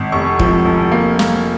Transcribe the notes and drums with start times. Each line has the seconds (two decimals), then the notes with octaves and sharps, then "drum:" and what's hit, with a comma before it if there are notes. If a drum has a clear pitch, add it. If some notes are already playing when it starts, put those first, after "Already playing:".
Already playing: G#1
0.12 F1 C#6
0.39 F3, drum: kick
0.65 F1
0.92 A#3
1.19 A#3, drum: snare